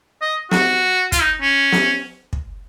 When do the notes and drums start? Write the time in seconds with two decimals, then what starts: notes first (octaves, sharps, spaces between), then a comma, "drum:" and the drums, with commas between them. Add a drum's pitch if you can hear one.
0.22 D#5
0.51 F#4, drum: snare
1.12 F4, drum: kick, hi-hat
1.22 D#4
1.41 C#4
1.72 drum: snare
2.33 drum: kick